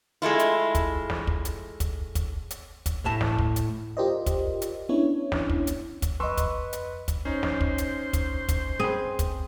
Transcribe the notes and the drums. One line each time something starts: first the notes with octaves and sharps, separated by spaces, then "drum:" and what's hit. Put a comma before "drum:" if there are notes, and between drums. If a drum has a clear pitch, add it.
G#3 A3 E4 F4
drum: hi-hat
drum: kick, hi-hat
drum: snare
drum: kick
drum: hi-hat
drum: kick, hi-hat
drum: kick, hi-hat
drum: hi-hat
drum: kick, hi-hat
A2 A5
drum: snare
drum: kick
drum: hi-hat
F4 G4 A#4 C5 D5 D#5
drum: kick, hi-hat
drum: hi-hat
B3 C#4 D4 E4 C#5
drum: snare
drum: kick
drum: hi-hat
drum: kick, hi-hat
F2 B4 D#5 C6 C#6 E6
drum: kick, hi-hat
drum: hi-hat
drum: kick, hi-hat
C#4 D#4 C5
drum: snare
drum: kick
drum: hi-hat
drum: kick, hi-hat
drum: kick, hi-hat
C4 G#4 B4
drum: kick, hi-hat